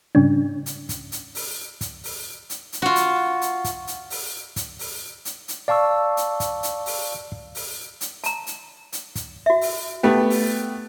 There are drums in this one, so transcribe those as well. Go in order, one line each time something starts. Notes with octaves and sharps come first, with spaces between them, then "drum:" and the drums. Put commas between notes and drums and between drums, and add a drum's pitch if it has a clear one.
G#2 C#3 G3 C#4 D4
drum: hi-hat
drum: kick, hi-hat
drum: hi-hat
drum: open hi-hat
drum: kick, hi-hat
drum: open hi-hat
drum: hi-hat
drum: hi-hat
F4 F#4
drum: hi-hat
drum: hi-hat
drum: kick, hi-hat
drum: hi-hat
drum: open hi-hat
drum: kick, hi-hat
drum: open hi-hat
drum: hi-hat
drum: hi-hat
D5 F5 A5 C#6 E6
drum: hi-hat
drum: kick, hi-hat
drum: hi-hat
drum: open hi-hat
drum: kick
drum: open hi-hat
drum: hi-hat
A5 A#5, drum: hi-hat
drum: hi-hat
drum: hi-hat
drum: kick, hi-hat
F#4 E5
drum: open hi-hat
A3 B3 G4
drum: open hi-hat